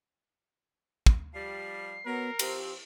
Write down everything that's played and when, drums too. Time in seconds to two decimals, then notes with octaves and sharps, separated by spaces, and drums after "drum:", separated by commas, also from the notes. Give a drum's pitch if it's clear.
1.06 drum: kick
1.34 F3 G3 C7
2.05 F#3 B3 A#4
2.39 F3 C4 G4, drum: cymbal